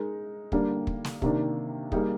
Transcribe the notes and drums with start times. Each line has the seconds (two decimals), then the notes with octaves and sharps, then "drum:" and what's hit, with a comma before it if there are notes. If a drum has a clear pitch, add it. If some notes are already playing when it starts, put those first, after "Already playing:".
Already playing: G#3 D#4 A#4
0.52 D3 G3 A#3 D4, drum: kick
0.87 drum: kick
1.04 drum: snare
1.22 C3 D#3 A#3 D4, drum: kick
1.92 G3 A#3 D#4 G#4, drum: kick